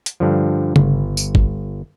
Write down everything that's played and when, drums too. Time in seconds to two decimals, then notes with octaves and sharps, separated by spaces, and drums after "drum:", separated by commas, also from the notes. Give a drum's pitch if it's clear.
0.06 drum: hi-hat
0.20 G2 D3 F3
0.76 G1, drum: tom C#3
1.17 drum: tambourine
1.35 drum: kick